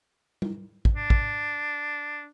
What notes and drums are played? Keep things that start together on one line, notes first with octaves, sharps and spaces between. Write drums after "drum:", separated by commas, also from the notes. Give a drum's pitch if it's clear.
drum: tom G3
drum: kick
D4
drum: kick